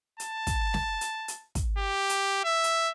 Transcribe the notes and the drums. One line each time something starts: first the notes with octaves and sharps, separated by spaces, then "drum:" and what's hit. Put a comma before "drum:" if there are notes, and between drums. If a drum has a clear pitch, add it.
A5, drum: hi-hat
drum: kick, hi-hat
drum: snare
drum: hi-hat
drum: hi-hat
drum: kick, hi-hat
G4
drum: hi-hat
E5
drum: hi-hat